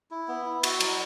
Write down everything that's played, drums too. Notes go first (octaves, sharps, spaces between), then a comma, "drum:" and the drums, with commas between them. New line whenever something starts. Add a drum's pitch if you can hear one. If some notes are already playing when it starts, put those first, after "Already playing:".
E4
B3
E4
F#4, drum: cymbal
F#3, drum: cymbal